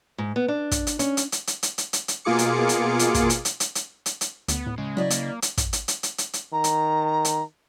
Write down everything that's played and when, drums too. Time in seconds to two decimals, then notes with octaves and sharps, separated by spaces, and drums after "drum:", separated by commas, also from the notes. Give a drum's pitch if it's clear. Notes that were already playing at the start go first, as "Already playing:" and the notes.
0.18 G#2
0.36 B3
0.48 D4
0.71 drum: kick, hi-hat
0.87 drum: hi-hat
0.99 C#4, drum: hi-hat
1.17 drum: hi-hat
1.32 drum: hi-hat
1.47 drum: hi-hat
1.63 drum: hi-hat
1.78 drum: hi-hat
1.93 drum: hi-hat
2.08 drum: hi-hat
2.25 B2 A#3 F4 G#4 D6 C#7
2.39 drum: hi-hat
2.69 drum: hi-hat
2.99 drum: hi-hat
3.14 drum: kick, hi-hat
3.30 drum: hi-hat
3.45 drum: hi-hat
3.60 drum: hi-hat
3.75 drum: hi-hat
4.06 drum: hi-hat
4.21 drum: hi-hat
4.48 D2 B3, drum: hi-hat
4.67 A2
4.78 C#3 G#3
4.97 F#3 E4 D5 D#5
5.10 A#3, drum: hi-hat
5.42 drum: hi-hat
5.58 drum: kick, hi-hat
5.73 drum: hi-hat
5.88 drum: hi-hat
6.03 drum: hi-hat
6.18 drum: hi-hat
6.33 drum: hi-hat
6.53 D#3 A#5
6.64 drum: hi-hat
7.25 drum: hi-hat